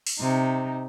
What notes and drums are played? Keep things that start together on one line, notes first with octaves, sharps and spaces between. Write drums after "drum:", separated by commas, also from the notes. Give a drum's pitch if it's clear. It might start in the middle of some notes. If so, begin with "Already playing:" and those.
drum: open hi-hat
C3 D#4